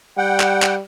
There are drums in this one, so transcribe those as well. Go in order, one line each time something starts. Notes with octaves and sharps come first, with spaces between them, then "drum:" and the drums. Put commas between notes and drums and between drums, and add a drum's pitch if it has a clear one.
G3 F#5 G5
drum: clap
drum: clap